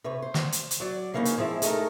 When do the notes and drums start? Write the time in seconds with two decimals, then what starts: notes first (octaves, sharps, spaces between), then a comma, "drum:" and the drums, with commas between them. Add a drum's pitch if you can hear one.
0.04 C3 B4 C#5
0.22 C5
0.34 drum: snare
0.52 drum: hi-hat
0.71 drum: hi-hat
0.80 F#3 D5
1.14 C#3 E3 A#3 B3 C#4 D#4
1.25 drum: hi-hat
1.38 F3 G#3 C4 E4
1.62 G#3 A3 D#4 A#4, drum: hi-hat